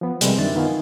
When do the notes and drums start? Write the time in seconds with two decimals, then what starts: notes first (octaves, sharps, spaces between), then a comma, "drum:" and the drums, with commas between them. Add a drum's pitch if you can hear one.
0.01 F3 B3
0.21 C3 G3 G#3 C4 B4, drum: hi-hat
0.38 F#2 D#3 D4 E5 A6
0.55 D#3 B3 F4 F5 G#5